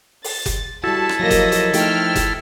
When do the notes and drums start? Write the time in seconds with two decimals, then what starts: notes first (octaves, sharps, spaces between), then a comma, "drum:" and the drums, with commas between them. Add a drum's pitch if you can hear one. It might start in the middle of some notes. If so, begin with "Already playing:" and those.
0.24 A6, drum: open hi-hat
0.46 drum: kick F#1, hi-hat
0.84 G3 E4 F#4 A4 A5
1.09 drum: rim click
1.20 F3 F#3 A#3 D#5 A#6
1.31 drum: kick F#1, hi-hat
1.52 drum: hi-hat
1.73 F3 A3 D#4 G5 F6, drum: hi-hat
2.15 drum: kick F#1, hi-hat